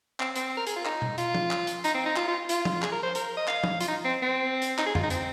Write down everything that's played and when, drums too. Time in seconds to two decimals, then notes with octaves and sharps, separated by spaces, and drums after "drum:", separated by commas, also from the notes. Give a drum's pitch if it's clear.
0.20 C4, drum: clap
0.36 C4, drum: hi-hat
0.57 A#4
0.67 G#4, drum: hi-hat
0.76 F4
0.85 D#4, drum: clap
1.02 drum: tom B2
1.18 F4, drum: hi-hat
1.35 drum: tom
1.51 drum: clap
1.67 drum: hi-hat
1.84 D#4, drum: hi-hat
1.94 C4
2.06 D#4
2.16 F4, drum: clap
2.28 F4
2.49 F4, drum: hi-hat
2.65 drum: tom
2.82 G#4, drum: clap
2.92 A#4
3.03 C5
3.15 A#4, drum: hi-hat
3.37 D#5
3.48 F5, drum: clap
3.64 drum: tom
3.80 F4, drum: hi-hat
3.88 D#4
4.05 C4
4.22 C4
4.62 drum: hi-hat
4.78 D#4, drum: clap
4.86 G#4
4.95 F4, drum: tom F2
5.03 D#4
5.10 C4, drum: hi-hat